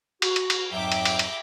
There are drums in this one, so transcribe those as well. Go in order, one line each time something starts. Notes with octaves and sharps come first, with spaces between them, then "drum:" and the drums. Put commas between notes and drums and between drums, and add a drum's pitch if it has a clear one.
F#4, drum: cymbal
drum: cymbal
drum: cymbal
F2 G#2 F#3 E5 G5 D6
drum: cymbal
drum: cymbal
drum: cymbal